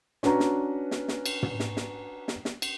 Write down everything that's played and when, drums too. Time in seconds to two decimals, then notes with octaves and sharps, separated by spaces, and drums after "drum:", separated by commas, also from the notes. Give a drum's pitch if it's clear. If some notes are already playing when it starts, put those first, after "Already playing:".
0.23 C#4 D4 F#4 B4 A#5, drum: snare
0.40 drum: snare
0.91 drum: snare
1.08 drum: snare
1.26 drum: cymbal
1.43 drum: tom
1.60 drum: snare
1.77 drum: snare
2.28 drum: snare
2.45 drum: snare
2.62 drum: cymbal